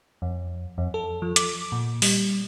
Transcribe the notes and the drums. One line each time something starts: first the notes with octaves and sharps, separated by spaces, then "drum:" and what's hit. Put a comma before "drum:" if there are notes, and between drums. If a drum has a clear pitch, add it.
F2
F2
A4
F3
D6, drum: hi-hat
A#2
G3, drum: open hi-hat